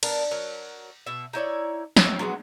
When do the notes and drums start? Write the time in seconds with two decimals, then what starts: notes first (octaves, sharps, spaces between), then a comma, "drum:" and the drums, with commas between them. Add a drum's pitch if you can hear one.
0.03 B3 D4 A#4, drum: cymbal
0.31 F#3 A#4
1.06 B2 E5
1.33 D#4 E4 C#5 D5
1.96 C4 C#5, drum: snare
2.19 F#3 G#3 B3 F#4